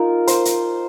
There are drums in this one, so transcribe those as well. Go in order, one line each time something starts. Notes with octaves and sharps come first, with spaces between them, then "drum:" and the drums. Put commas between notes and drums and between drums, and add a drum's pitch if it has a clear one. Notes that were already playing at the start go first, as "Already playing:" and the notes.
Already playing: D#4 F4 A#4
C5, drum: hi-hat
drum: hi-hat